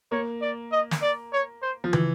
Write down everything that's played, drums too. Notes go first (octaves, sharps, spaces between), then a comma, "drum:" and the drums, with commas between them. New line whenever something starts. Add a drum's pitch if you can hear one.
A#3 C#5
D5
D#5
drum: snare
D5
C#5
C5
F3
E3, drum: tom